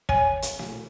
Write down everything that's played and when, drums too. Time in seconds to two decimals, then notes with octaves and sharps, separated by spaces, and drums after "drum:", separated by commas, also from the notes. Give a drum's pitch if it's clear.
0.09 C#5 G#5, drum: kick
0.42 drum: hi-hat
0.59 drum: snare